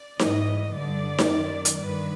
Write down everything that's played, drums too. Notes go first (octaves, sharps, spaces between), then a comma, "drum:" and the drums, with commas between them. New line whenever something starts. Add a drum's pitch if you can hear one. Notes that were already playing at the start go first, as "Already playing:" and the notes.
Already playing: D5
G#2 E3 D#5, drum: snare D#4
G2 D3 D5
drum: snare D#4
F#2 D#3
drum: hi-hat
G2 D#3 B4